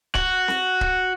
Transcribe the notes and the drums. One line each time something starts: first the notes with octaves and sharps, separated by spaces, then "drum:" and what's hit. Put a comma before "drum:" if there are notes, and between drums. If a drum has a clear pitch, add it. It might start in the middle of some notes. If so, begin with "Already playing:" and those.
F#4, drum: kick C#1
drum: snare C4
drum: kick C#1